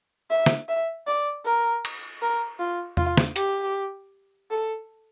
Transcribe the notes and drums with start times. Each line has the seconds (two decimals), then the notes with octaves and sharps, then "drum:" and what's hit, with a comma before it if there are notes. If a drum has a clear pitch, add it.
0.30 E5
0.46 drum: snare
0.68 E5
1.07 D5
1.45 A#4
1.85 drum: cymbal
2.22 A#4
2.59 F4
2.97 F4, drum: tom E2
3.17 drum: snare
3.36 G4, drum: hi-hat
4.50 A4